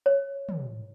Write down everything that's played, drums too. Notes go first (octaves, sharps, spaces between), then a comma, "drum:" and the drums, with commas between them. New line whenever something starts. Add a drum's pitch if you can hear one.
C#5
drum: tom